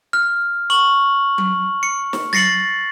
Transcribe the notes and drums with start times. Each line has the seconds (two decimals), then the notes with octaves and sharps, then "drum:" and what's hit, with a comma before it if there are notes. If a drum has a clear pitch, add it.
0.13 F6
0.70 C#6 F#7
1.38 drum: tom F#3
1.83 C#7
2.13 drum: snare
2.33 A6 A#6 C7 C#7 F#7, drum: tom F#3